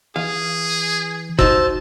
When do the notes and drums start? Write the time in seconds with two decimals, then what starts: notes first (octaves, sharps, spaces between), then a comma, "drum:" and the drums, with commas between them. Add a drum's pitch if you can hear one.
0.16 E3 G#4 F5
1.39 D#4 F#4 C5 A5 E6, drum: kick F#1